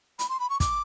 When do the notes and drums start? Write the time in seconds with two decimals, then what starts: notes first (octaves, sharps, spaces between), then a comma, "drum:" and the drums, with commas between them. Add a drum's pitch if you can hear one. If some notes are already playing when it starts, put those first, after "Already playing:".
0.19 B5, drum: hi-hat
0.29 C6
0.40 B5
0.50 C#6
0.60 D6, drum: kick, hi-hat